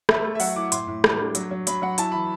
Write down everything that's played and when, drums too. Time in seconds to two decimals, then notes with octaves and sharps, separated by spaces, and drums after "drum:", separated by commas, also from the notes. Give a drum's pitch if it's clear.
0.09 A3 E5, drum: rim click
0.24 A3
0.35 E5
0.40 F#3 F#5, drum: open hi-hat
0.56 E4 D6
0.72 A2 C6, drum: hi-hat
0.87 A2
1.04 G3, drum: rim click
1.20 D4
1.35 F#3, drum: hi-hat
1.51 F#3
1.67 F#3 B5, drum: hi-hat
1.82 F#3 F#5
1.98 E4 A5, drum: hi-hat
2.12 E3 B5